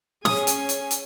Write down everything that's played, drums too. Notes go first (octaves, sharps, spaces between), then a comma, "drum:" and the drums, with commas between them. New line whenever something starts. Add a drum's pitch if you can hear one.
C#4 G#4 G#5 D#6, drum: snare
drum: hi-hat
drum: hi-hat
drum: hi-hat